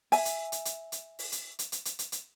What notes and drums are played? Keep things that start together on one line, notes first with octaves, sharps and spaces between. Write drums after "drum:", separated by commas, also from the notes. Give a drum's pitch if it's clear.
E5 G#5, drum: open hi-hat
drum: hi-hat
drum: hi-hat
drum: hi-hat
drum: hi-hat
drum: open hi-hat
drum: hi-hat
drum: hi-hat
drum: hi-hat
drum: hi-hat
drum: hi-hat
drum: hi-hat